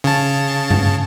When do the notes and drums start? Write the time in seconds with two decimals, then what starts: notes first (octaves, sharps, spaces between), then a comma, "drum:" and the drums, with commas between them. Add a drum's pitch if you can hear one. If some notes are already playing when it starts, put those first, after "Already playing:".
0.04 C#3 A5
0.70 drum: tom G2